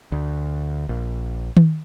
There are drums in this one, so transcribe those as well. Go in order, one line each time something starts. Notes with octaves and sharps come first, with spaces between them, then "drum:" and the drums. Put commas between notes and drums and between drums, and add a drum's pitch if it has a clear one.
D2
A#1
drum: tom D#3